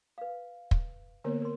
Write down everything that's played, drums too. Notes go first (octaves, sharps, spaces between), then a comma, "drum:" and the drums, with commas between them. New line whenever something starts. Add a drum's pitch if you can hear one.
B4 F5
drum: kick
D3 A#3 B3 A#4 C#5
A#4 C6